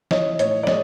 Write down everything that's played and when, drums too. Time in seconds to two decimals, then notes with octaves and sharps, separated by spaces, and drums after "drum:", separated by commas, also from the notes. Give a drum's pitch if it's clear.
0.11 E3 C#5 D#5, drum: snare
0.39 A2 C#5 D#5, drum: hi-hat
0.63 D5
0.67 G#3 C#5 D#5, drum: snare